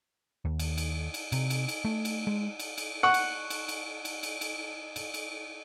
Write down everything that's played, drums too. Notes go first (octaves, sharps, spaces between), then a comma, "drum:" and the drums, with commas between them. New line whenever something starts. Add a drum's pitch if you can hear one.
D#2
drum: cymbal
drum: cymbal
drum: cymbal
C3, drum: cymbal
drum: cymbal
drum: cymbal
A3
drum: cymbal
G#3
drum: cymbal
drum: cymbal
F#5 C#6
drum: cymbal
drum: cymbal
drum: cymbal
drum: cymbal
drum: cymbal
drum: cymbal
drum: cymbal
drum: cymbal